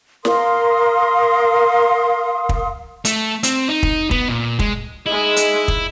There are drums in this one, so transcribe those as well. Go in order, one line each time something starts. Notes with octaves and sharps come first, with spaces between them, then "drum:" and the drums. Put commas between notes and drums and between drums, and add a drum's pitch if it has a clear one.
A#4 F5 C6 D#6, drum: snare
drum: kick
A3, drum: hi-hat
C4, drum: hi-hat
D#4
drum: kick
B3, drum: kick
A#2
G#3, drum: kick
G#3 D#4 E4 G#4
drum: hi-hat
drum: kick